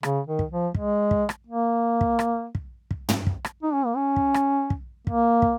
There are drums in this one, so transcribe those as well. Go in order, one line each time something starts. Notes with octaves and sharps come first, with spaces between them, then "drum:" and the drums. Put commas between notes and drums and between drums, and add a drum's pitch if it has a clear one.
C#3, drum: rim click
D#3
drum: kick
F3
G#3, drum: kick
drum: kick
drum: rim click
A#3
drum: kick
drum: rim click
drum: kick
drum: kick
drum: tom
drum: kick
drum: rim click
D#4
C#4
A#3
C#4
drum: kick
drum: rim click
drum: kick
A#3, drum: kick
drum: kick